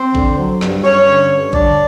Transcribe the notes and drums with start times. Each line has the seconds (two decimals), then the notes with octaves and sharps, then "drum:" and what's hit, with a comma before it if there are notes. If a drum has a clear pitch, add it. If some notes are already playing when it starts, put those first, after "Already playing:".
Already playing: C4 C5
0.15 D3, drum: kick A1
0.38 F#3
0.61 G2, drum: snare
0.84 G2 C#4 C#5
1.07 D3
1.30 G2
1.53 D3 D4 D5, drum: kick A1